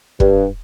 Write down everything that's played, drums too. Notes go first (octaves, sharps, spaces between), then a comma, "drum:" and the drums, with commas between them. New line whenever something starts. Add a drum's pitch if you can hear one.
G2, drum: kick